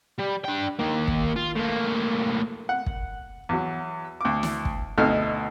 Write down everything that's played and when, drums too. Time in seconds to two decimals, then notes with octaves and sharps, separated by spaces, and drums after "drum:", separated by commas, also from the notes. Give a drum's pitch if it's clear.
0.19 G3
0.45 D4 G5
0.79 D#3 A#3
1.08 drum: kick
1.36 F4
1.55 A2 A#3
2.69 F#5
2.86 drum: kick
3.49 E2 F#3
4.21 D2 D6
4.43 drum: snare
4.65 drum: kick
4.98 D2 B2 D#4 A4 F6